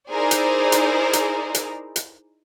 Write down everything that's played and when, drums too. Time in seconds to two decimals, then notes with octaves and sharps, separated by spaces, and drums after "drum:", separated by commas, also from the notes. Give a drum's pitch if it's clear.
0.10 D#4 E4 G#4 A#4 C5 D5
0.31 drum: hi-hat
0.72 drum: hi-hat
1.13 drum: hi-hat
1.54 drum: hi-hat
1.96 drum: hi-hat